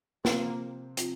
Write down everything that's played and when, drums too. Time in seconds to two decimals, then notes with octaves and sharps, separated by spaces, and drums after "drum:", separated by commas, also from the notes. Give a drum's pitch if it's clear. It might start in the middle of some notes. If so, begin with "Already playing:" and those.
0.25 C3 F3 A#3 C4, drum: snare
0.97 C3 F3, drum: hi-hat